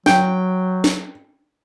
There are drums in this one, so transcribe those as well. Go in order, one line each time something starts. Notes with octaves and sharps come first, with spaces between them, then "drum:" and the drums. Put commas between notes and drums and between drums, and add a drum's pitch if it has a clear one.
F#3 G5, drum: snare
drum: snare